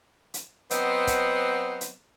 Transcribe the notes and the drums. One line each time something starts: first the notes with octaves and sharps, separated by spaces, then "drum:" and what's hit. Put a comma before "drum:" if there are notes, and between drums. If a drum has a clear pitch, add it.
drum: hi-hat
F#3 B3 C4 C5 D#5, drum: hi-hat
drum: kick, hi-hat
drum: hi-hat